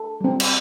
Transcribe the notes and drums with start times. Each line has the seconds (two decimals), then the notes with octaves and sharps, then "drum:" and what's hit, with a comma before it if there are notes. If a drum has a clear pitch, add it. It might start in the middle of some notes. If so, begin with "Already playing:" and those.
Already playing: A4
0.21 G3 C4
0.40 drum: cymbal